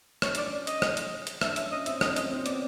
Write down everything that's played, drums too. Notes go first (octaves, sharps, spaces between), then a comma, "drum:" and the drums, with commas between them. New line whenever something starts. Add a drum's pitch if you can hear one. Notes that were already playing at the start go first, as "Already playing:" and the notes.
C#4 C#5, drum: rim click
D4 D5, drum: hi-hat
C#4
D#5, drum: hi-hat
drum: rim click
drum: hi-hat
drum: hi-hat
D4 E5, drum: rim click
C#4 E5, drum: hi-hat
C#4 D#5
C4 E5, drum: hi-hat
D4 D#5, drum: rim click
C#4 D#5, drum: hi-hat
C4
B3 D5, drum: hi-hat